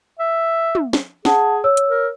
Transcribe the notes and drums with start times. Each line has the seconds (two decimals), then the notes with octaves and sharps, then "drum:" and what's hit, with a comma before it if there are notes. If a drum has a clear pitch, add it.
0.19 E5
0.75 drum: tom
0.93 drum: snare
1.25 G#4 F#5 A5, drum: snare
1.64 C#5 E6
1.77 drum: hi-hat
1.89 A#4